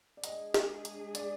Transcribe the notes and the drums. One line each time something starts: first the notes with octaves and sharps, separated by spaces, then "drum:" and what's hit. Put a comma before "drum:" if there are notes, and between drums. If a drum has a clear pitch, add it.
D5
G#3 D4 G#4 D#5, drum: hi-hat
drum: snare
drum: hi-hat
D5, drum: hi-hat